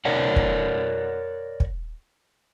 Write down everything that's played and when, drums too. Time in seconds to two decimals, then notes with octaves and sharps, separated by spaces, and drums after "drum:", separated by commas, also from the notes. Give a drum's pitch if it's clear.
0.05 A#4 C#5 D5 F#5
0.36 drum: kick
1.60 drum: kick